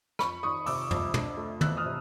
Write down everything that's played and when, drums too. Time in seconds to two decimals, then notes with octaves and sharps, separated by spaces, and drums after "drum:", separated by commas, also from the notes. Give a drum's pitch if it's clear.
0.19 F2 B5 C#6, drum: rim click
0.43 D#3 C#6 D#6
0.66 C3 D6 E6, drum: open hi-hat
0.91 F2, drum: tom
1.14 D4, drum: tom
1.37 A3
1.61 E3 E6 F#6, drum: tom
1.77 D#6 F6
1.85 C3